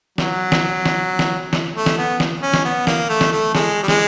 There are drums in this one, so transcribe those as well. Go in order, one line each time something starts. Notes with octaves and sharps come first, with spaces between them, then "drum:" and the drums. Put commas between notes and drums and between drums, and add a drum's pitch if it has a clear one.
F#3, drum: snare
drum: snare
drum: snare
drum: snare
drum: snare
A3
drum: snare
B3
drum: snare
C#4
drum: snare
B3
A#3, drum: snare
A3
drum: snare
A3
G#3, drum: snare
G3
G#3, drum: snare